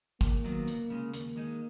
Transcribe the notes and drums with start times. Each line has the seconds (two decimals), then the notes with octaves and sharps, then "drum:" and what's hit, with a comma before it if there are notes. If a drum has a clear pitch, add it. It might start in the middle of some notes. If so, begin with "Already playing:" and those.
0.21 E2 A#3, drum: kick
0.44 D#3 F#3 B3
0.68 C#2, drum: hi-hat
0.90 C#3 G#3
1.13 D#2 A#3, drum: hi-hat
1.36 D#3 G#3 D#4